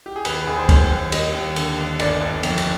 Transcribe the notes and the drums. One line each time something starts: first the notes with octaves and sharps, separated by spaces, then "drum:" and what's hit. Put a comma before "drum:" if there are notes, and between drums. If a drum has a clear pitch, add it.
G4
G#4
D#2 B4, drum: cymbal
B4
D#2 G#4
C5
D#2, drum: kick, cymbal
D#2
G3 D#5, drum: cymbal
D#2
D3, drum: cymbal
D#2
G1 D5, drum: cymbal
G1
F2, drum: cymbal
drum: cymbal